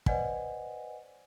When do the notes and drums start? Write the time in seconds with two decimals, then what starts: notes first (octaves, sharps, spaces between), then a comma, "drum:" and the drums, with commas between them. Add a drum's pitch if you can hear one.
0.06 B4 C5 D5 D#5 F#5 G#5, drum: kick